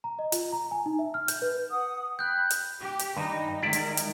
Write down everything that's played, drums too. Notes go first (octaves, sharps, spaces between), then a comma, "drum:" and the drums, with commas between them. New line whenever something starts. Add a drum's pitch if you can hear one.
A#5
D#5
F4, drum: hi-hat
A#5
G#5
D#4
E5
F6
G6, drum: hi-hat
B4
F#5 D#6
G5 B5 F#6 G6
drum: hi-hat
G4
drum: hi-hat
G2 D#3 D#4
D#3 G3 G#3 E4 D5
drum: hi-hat
drum: hi-hat